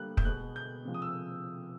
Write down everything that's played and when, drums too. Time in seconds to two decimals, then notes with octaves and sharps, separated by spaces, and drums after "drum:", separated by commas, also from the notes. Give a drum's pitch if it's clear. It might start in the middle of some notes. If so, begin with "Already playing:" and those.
Already playing: D3 G3 A#3 F#6
0.17 G6, drum: kick
0.25 B2 G#3 B3 F#6
0.56 G6
0.85 C3 F3 G#3
0.94 D#6
1.02 E6